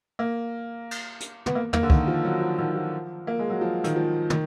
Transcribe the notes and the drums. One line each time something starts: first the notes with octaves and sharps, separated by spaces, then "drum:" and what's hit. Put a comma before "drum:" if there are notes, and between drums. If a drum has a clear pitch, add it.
A#3
drum: cymbal
drum: hi-hat
B3, drum: tom
A#3
A#3, drum: tom
D3
D#3, drum: kick
F3
F#3
F3
D#3
F3
A#3
G#3
F#3
F3
D#3, drum: hi-hat
F3
D#3, drum: tom